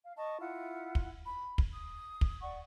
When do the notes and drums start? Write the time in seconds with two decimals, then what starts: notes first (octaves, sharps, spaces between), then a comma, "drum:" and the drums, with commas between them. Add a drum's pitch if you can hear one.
0.04 F5
0.16 D#5 A5 C#6
0.40 E4 F4 F#5
0.95 drum: kick
1.25 B5
1.58 drum: kick
1.72 D#6
2.21 drum: kick
2.41 D5 F#5 C#6